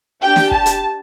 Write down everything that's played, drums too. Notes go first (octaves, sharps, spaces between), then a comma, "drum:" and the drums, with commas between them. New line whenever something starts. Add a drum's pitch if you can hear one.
D4 G4 G5
drum: snare
A5, drum: kick
drum: hi-hat